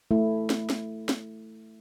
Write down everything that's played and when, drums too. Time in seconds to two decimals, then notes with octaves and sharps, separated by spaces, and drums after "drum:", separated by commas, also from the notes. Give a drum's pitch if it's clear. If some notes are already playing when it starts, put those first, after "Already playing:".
0.11 A3 E4
0.50 drum: snare
0.70 drum: snare
1.09 drum: snare